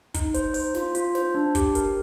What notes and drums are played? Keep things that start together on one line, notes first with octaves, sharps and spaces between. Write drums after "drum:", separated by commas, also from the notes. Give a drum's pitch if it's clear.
D#4, drum: kick, hi-hat
C5, drum: hi-hat
C5, drum: open hi-hat
F4, drum: snare
F4, drum: hi-hat
C5, drum: snare
D4
G4, drum: kick, hi-hat
A#4, drum: hi-hat